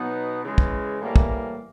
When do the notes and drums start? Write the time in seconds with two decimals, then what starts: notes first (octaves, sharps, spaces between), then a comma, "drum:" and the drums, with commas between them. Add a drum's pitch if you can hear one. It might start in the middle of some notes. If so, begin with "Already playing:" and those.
Already playing: B2 F#3 B3 D#4
0.43 C#3 E3 G#3
0.58 drum: kick
1.01 A2 E3 G3 A#3
1.16 drum: kick